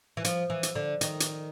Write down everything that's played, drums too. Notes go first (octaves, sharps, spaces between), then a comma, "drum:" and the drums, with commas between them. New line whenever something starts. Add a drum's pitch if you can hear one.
E3
F3, drum: hi-hat
E3
drum: hi-hat
D3
D#3, drum: hi-hat
drum: hi-hat